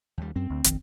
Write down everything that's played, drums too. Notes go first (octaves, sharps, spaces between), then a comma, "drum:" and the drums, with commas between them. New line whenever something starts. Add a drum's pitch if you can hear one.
D#2 G3
F#2 C4
D2
F1 A#1 D#3, drum: hi-hat